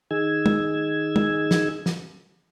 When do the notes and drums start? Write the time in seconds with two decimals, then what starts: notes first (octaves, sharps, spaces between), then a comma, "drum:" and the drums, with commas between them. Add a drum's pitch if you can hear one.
0.11 D#3 D#4 G#4 E6 G#6
0.46 drum: tom
1.16 drum: tom
1.51 drum: snare
1.86 drum: snare